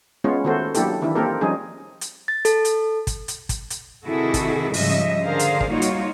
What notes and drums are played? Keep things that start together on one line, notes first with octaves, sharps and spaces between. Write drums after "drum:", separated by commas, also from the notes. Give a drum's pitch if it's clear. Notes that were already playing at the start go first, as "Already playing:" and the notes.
G#3 B3 C#4 F4 C#5
D#3 A3 B3 F#4 A4 C5
F#3 A#3 D4 E4 G4 A4, drum: hi-hat
D#3 E3 D4 E4
A#3 C4 G4 A4 A#4
F3 G3 C#4 D#4 G#4
drum: hi-hat
A6
A4, drum: hi-hat
drum: hi-hat
drum: kick, hi-hat
drum: hi-hat
drum: kick, hi-hat
drum: hi-hat
C3 D#3 E4 F#4 G#4 A4
drum: kick, hi-hat
G#2 C#3 F3 G3 D#5 E5, drum: open hi-hat
D3 D4 G#4 A#4 C5 F5
drum: hi-hat
drum: kick
G3 A#3 D#4 F4 F#4 C#5
drum: hi-hat